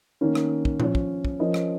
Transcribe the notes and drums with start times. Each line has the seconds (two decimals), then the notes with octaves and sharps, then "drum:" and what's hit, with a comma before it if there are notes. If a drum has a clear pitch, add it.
0.21 D#3 A#3 C#4
0.35 drum: rim click
0.65 drum: kick
0.80 F3 C#4 F4 C#5, drum: tom A#2
0.95 drum: kick
1.25 drum: kick
1.39 F3 C#4 A#4 D#5
1.54 drum: rim click